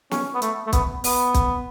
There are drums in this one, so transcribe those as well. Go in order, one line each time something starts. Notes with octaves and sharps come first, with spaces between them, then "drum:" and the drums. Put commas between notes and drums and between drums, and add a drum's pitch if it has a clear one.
C#4, drum: snare
B3
A3, drum: hi-hat
A3
B3, drum: kick, hi-hat
B3, drum: open hi-hat
drum: kick, hi-hat